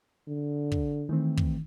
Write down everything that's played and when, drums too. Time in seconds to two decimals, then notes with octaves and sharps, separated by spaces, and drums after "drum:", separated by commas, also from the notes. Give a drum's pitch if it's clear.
0.28 D3
0.72 drum: kick
1.09 D#3 E3 A3 C4
1.37 drum: kick